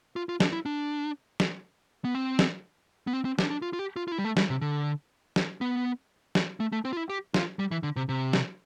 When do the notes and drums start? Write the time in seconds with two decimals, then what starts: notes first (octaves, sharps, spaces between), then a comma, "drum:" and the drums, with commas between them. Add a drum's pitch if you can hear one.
0.16 F4
0.29 F4
0.40 D4, drum: snare
0.53 E4
0.66 D4
1.40 drum: snare
2.05 B3
2.15 C4
2.39 drum: snare
3.07 B3
3.13 C4
3.25 C4
3.39 D4, drum: snare
3.50 D4
3.62 F4
3.73 F4
3.79 G4
3.96 F4
4.08 F4
4.12 E4
4.18 G3
4.24 A3
4.37 G3, drum: snare
4.50 C3
4.62 D3
5.36 drum: snare
5.61 B3
6.35 drum: snare
6.60 A3
6.72 A3
6.85 C4
6.93 F4
6.97 E4
7.10 G4
7.34 F4, drum: snare
7.59 G3
7.71 E3
7.83 D3
7.96 C3
8.09 C3
8.33 drum: snare